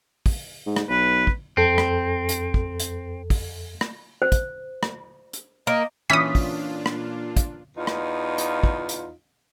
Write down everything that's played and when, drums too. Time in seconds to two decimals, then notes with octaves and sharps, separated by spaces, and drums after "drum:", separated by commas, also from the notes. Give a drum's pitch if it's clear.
0.26 drum: kick, open hi-hat
0.66 G#2
0.76 drum: rim click
0.89 B1 B4
1.27 drum: kick
1.57 F2 C4 A4
1.78 drum: rim click
2.29 drum: hi-hat
2.54 drum: kick
2.80 drum: hi-hat
3.30 drum: kick, open hi-hat
3.81 drum: rim click
4.22 C5
4.32 drum: kick, hi-hat
4.83 drum: rim click
5.33 drum: hi-hat
5.67 A#3 D#5
6.10 A#2 E3 C#4 D4 F4 D#6 B6
6.35 drum: kick, open hi-hat
6.86 drum: rim click
7.37 drum: kick, hi-hat
7.77 E2 D#4 F4
7.87 drum: rim click
8.38 drum: hi-hat
8.63 drum: kick
8.89 drum: hi-hat